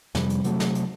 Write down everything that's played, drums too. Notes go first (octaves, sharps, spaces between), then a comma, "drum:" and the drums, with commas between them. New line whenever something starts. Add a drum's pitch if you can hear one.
F2 C3 F3 G3, drum: snare
drum: hi-hat
C3 F#3 A3, drum: hi-hat
drum: snare
drum: hi-hat